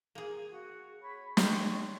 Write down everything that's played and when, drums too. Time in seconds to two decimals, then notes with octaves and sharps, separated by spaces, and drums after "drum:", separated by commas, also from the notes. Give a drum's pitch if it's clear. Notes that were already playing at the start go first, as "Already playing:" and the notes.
0.15 A#3 G#4
0.50 F#4
1.02 C#5 B5
1.37 G#3 D4 G4 C#5 C#6, drum: snare